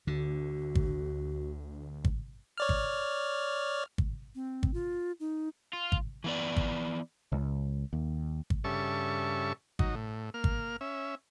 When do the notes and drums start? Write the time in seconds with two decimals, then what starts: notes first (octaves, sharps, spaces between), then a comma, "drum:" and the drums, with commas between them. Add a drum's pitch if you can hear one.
0.07 D2 D3 F#4
0.75 drum: kick
2.05 drum: kick
2.58 C#5 D5 F6
2.69 drum: kick
3.98 drum: kick
4.35 C4
4.63 drum: kick
4.74 F4
5.20 D#4
5.73 F4
5.92 drum: kick
6.24 E3 B3 D5
6.56 drum: kick
7.32 C#2
7.93 D#2
8.50 drum: kick
8.64 G2 C#3 A4 E5 C#6
9.79 F#3 D#4, drum: kick
9.95 A2
10.34 A#3 F6
10.44 drum: kick
10.81 C#4 E5